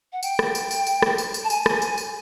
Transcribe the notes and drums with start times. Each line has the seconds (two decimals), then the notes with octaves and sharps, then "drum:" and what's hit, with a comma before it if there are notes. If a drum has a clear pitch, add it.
0.13 F#5
0.23 G5, drum: tambourine
0.39 drum: rim click
0.55 drum: tambourine
0.71 drum: tambourine
0.87 drum: tambourine
1.02 drum: rim click
1.18 drum: tambourine
1.34 drum: tambourine
1.44 A5
1.50 G#5, drum: tambourine
1.66 drum: rim click
1.82 drum: tambourine
1.98 drum: tambourine